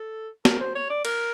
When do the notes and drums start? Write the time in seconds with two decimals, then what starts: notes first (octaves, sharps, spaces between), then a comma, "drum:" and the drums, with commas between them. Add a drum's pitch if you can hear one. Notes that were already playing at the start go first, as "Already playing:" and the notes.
Already playing: A4
0.45 A#4, drum: snare
0.61 C5
0.75 C#5
0.90 D5
1.05 A#4, drum: cymbal